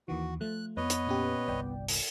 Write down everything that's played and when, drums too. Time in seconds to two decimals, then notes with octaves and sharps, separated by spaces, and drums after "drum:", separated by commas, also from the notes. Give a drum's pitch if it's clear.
0.08 D#2 D#3 E3 F#4
0.41 F3 A3 F#6
0.77 F2 B3 B4 C#5 D#5
0.90 drum: hi-hat
1.07 A#2 C#4 G4
1.48 G1 C2 D5 G5
1.88 drum: open hi-hat